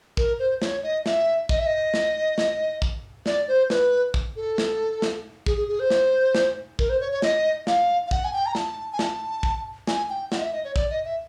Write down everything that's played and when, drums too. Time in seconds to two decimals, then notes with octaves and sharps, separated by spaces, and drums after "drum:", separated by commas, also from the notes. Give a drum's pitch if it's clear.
0.17 A#4, drum: kick
0.39 C5
0.62 C#5, drum: snare
0.83 D#5
1.06 E5, drum: snare
1.49 D#5, drum: kick
1.58 E5
1.66 D#5
1.94 drum: snare
2.38 drum: snare
2.82 drum: kick
3.26 D5, drum: snare
3.48 C5
3.70 B4, drum: snare
4.14 drum: kick
4.36 A4
4.58 drum: snare
5.02 drum: snare
5.46 G#4, drum: kick
5.57 G#4
5.68 G#4
5.80 C5
5.90 drum: snare
6.35 drum: snare
6.79 A#4, drum: kick
6.89 C5
7.01 C#5
7.12 C#5
7.22 D#5, drum: snare
7.67 F5, drum: snare
8.07 F5
8.11 F#5, drum: kick
8.24 G#5
8.33 G5
8.46 A#5
8.55 A5, drum: snare
8.93 G#5
8.99 A5, drum: snare
9.43 drum: kick
9.87 G#5, drum: snare
10.10 G5
10.32 F#5, drum: snare
10.38 D#5
10.42 E5
10.53 D#5
10.64 C#5
10.76 D5, drum: kick
10.90 D#5
11.05 E5